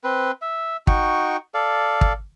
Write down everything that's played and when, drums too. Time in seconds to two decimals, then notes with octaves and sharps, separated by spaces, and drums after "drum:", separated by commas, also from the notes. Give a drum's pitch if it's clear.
0.04 C4 B4
0.42 E5
0.87 D#4 F#4 G5 C#6, drum: kick
1.54 A4 D5 F5
2.01 drum: kick